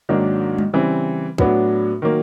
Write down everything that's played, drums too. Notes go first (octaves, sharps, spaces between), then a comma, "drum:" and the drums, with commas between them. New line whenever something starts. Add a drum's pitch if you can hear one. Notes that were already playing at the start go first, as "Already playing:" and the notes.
G#2 D#3 F#3 A#3 D4
drum: tom G3
C#3 E3 G3 C4
A2 F#3 B3 D4, drum: kick
D#3 F#3 A#3